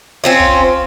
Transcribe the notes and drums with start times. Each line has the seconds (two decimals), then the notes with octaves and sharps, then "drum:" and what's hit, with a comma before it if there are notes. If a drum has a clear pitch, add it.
0.24 C4 C#4 F4
0.40 drum: kick